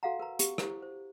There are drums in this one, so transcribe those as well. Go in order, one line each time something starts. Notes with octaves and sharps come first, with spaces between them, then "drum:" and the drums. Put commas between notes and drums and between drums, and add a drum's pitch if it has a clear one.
F#4 A4 F5 F#5 A#5
A#4 B4 A#5
G4, drum: hi-hat
E4 G4 C5, drum: rim click
C5